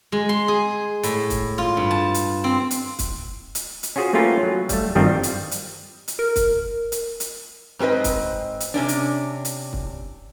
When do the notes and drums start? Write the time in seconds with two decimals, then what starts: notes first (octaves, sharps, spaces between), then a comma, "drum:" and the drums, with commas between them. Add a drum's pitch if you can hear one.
0.12 G#3
0.29 C6
0.48 G#4
1.03 A2, drum: hi-hat
1.30 drum: kick, hi-hat
1.58 F4
1.77 G2
1.91 A5
2.14 drum: hi-hat
2.44 C4
2.71 drum: hi-hat
2.99 drum: kick, hi-hat
3.55 drum: hi-hat
3.83 drum: hi-hat
3.96 C#4 F4 F#4 G#4 C5
4.14 A3 A#3 C#4 F4 G4 B4
4.43 F#3
4.69 G3 A3, drum: kick, hi-hat
4.95 G2 D#3 G3 C4 F4
5.23 drum: hi-hat
5.51 drum: hi-hat
6.08 drum: hi-hat
6.19 A#4
6.36 drum: kick, hi-hat
6.92 drum: hi-hat
7.20 drum: hi-hat
7.79 G#2 C4 G#4 B4 D#5
8.04 drum: kick, hi-hat
8.60 drum: hi-hat
8.74 C3 C#4 D4
8.88 drum: hi-hat
9.45 drum: hi-hat
9.73 drum: kick